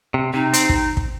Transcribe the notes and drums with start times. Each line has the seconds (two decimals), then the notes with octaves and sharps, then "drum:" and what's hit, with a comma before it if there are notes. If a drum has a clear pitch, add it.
0.14 C3
0.33 C3 D#4
0.53 C4, drum: hi-hat
0.69 drum: kick
0.97 drum: kick